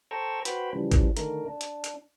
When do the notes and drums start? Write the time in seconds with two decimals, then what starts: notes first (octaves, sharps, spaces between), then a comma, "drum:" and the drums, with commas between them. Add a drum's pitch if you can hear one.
0.11 A4 C5 G5 A#5 C#6 E6
0.45 F#4 B4 C5 G5 B5, drum: hi-hat
0.73 C#3 E3 F3 G3
0.92 drum: kick, hi-hat
1.17 D3 D#3 A3 A#4, drum: hi-hat
1.47 D4
1.61 drum: hi-hat
1.84 drum: hi-hat